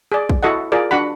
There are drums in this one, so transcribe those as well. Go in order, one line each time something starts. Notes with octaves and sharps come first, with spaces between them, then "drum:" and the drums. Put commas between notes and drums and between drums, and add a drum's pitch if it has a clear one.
G#4 D5
drum: kick
E4 F#4 A4 D#5 F#5
F4 G#4 A#4 D5
D4 F#4 F#5 B5